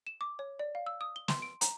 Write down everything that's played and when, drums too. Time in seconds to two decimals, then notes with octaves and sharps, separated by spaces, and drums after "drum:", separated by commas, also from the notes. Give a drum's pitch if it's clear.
0.07 E7
0.21 D6
0.39 C#5
0.59 D5
0.75 F5
0.86 E6
1.01 D#6
1.16 G7
1.28 C6, drum: snare
1.42 D7
1.61 A#5, drum: hi-hat